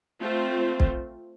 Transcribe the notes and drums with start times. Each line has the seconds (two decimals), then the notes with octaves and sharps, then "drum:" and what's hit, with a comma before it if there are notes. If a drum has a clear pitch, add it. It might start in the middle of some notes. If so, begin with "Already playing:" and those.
0.20 A3 C4 F4 C5
0.80 drum: kick B1